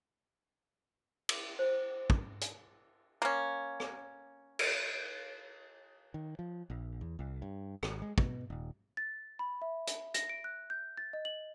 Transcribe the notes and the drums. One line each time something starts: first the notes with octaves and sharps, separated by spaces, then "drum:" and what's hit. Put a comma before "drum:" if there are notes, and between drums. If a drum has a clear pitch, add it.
drum: cymbal
C5
drum: kick
drum: hi-hat
A#3 C#4
drum: rim click
drum: cymbal
D#3
F3
A#1
E2
C2
G2
G#1, drum: rim click
G#3
B2, drum: kick
D#1
A6
B5
E5
drum: hi-hat
A#6, drum: hi-hat
D7
F#6
G6
A6
D#5
F#7